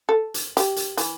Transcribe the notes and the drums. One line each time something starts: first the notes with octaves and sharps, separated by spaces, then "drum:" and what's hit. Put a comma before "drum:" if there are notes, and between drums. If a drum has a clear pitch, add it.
A4
drum: hi-hat
G4, drum: hi-hat
drum: hi-hat
E3, drum: hi-hat